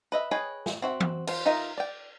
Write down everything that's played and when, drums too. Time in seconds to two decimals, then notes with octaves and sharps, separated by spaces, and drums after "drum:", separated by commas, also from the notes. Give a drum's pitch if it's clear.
0.12 B4 D#5 E5
0.31 G#4 B4 C#5 D#5 G5
0.66 drum: snare
0.82 C4 F#4 E5
1.00 drum: tom
1.27 F4 C5, drum: cymbal
1.45 D#4 F4 A#4 D#5 E5
1.78 D5 G5